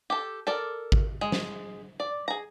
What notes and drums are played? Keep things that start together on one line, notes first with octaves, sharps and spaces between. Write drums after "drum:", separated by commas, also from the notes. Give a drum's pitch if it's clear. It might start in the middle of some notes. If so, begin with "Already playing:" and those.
G4 A4
A4 A#4 D5
drum: kick G#1
G#3
drum: snare
D5
G#4 A#5